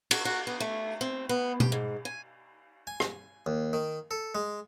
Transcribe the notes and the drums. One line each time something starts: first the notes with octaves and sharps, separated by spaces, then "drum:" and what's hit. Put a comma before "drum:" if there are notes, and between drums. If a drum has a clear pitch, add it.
F#4, drum: cymbal
F#4
B3
A3
C4
B3
G4, drum: tom B2
G#2
G#5
G#5
drum: rim click
D#2
D#3
A4
G#3